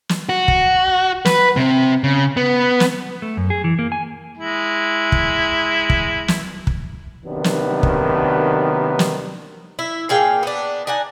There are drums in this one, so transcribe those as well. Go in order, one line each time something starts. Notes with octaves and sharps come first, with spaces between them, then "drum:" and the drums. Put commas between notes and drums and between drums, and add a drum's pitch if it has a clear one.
drum: snare
F#4
drum: kick
B4, drum: snare
C3 C4
C#3
B3
drum: snare
A3
F#2
G#4
E3
A#3
G#5
G#3 E4
drum: kick
drum: kick
drum: snare
drum: kick
D#2 C3 D#3 F#3 B3 D4
drum: snare
drum: kick
drum: snare
E4
A#2 G#4 F5 G5
B3 D4
D4 D#4 F#5 G#5